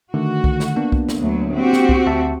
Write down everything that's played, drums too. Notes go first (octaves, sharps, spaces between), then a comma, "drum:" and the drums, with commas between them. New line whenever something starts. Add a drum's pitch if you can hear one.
D3 D#3 A3 F#4
drum: kick C2
drum: snare
A#3 B3 D4
drum: kick C2
drum: snare
D2 F#3
C4 F#4 G4
drum: snare
drum: kick C2
D2 E5 A5